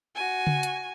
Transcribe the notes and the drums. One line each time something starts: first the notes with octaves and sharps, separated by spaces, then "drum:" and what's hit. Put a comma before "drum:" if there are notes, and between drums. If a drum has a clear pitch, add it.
F#4 G#5
drum: tom C#3
drum: hi-hat